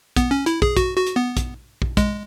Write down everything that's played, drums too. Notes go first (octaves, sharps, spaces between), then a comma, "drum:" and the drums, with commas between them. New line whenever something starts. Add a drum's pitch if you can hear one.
B3, drum: kick, hi-hat
C#4
E4, drum: hi-hat
G#4, drum: kick
F#4, drum: kick, hi-hat
F#4
drum: hi-hat
B3
drum: kick, hi-hat
drum: kick
G#3, drum: kick, hi-hat